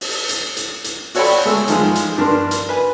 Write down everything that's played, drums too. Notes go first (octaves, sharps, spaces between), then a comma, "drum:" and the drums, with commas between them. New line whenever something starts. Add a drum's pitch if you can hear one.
drum: open hi-hat
drum: hi-hat
drum: hi-hat
drum: hi-hat
F#4 A4 C#5 D5 G5 B5, drum: open hi-hat
G#3 A3 E6
D#3 F3 G#3, drum: hi-hat
drum: hi-hat
G2 D4 A#4 C6
drum: hi-hat
B4 G#5